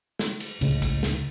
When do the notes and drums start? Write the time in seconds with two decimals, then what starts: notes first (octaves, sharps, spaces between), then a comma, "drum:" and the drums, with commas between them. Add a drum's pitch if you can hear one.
0.19 drum: snare
0.40 drum: cymbal
0.61 C#2 A2 C#3 G#3, drum: cymbal
0.82 drum: kick, cymbal
1.03 drum: snare